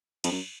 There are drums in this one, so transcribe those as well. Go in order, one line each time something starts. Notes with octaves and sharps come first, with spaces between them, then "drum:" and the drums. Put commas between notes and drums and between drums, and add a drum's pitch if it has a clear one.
F2, drum: cymbal
F#2